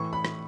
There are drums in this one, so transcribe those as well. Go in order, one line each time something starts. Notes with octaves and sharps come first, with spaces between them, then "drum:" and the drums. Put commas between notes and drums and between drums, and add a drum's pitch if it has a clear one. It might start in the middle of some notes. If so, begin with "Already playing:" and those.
Already playing: A2 E3 C#6
B5
drum: rim click